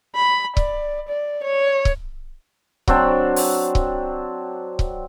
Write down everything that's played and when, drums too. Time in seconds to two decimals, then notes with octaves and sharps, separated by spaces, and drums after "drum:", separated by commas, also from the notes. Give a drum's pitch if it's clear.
0.16 B5
0.57 D5, drum: kick C#1
1.09 D5
1.44 C#5
1.85 drum: kick C#1
2.88 F#3 C4 D4, drum: kick C#1
3.36 drum: open hi-hat
3.75 drum: kick C#1
4.79 drum: kick C#1